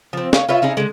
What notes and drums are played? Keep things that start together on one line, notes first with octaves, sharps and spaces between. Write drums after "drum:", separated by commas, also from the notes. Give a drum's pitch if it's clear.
F3 C4
C#5 F5, drum: snare
F4 B4 C#5 E5
C#4 D#4 E4 G#4
D3 G#3